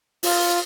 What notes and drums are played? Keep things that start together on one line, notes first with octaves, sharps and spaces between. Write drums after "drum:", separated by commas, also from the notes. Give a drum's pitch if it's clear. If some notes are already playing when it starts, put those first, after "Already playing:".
F4, drum: open hi-hat